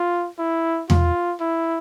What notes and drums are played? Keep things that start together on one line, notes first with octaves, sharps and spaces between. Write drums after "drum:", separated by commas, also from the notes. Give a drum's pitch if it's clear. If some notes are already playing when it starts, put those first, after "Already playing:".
Already playing: F4
E4
F4, drum: tom E2
E4